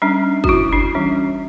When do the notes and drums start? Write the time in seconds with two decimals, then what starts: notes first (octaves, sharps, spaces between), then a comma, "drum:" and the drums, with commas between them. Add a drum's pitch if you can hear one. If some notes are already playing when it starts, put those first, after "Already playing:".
0.02 G3 C#4 D4
0.44 F#4, drum: kick
0.49 E4
0.73 D4
0.95 E3 G3 C#4